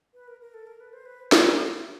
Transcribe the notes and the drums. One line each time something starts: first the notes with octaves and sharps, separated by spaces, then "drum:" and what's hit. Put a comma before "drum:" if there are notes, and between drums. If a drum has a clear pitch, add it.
B4
A#4
A#4
A4
A#4
B4
C5
B4
C5, drum: snare
C#5